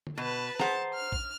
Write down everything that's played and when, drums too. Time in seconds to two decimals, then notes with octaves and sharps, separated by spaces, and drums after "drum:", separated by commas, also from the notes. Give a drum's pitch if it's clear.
0.07 drum: tom D3
0.18 B2 B4 A5
0.60 G#4 C5 F#5 A5 A#5, drum: snare
0.94 F6
1.12 drum: kick A#1